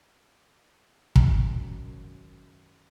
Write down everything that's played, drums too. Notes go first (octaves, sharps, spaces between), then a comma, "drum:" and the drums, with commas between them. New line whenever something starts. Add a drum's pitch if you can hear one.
G#1 F#2, drum: kick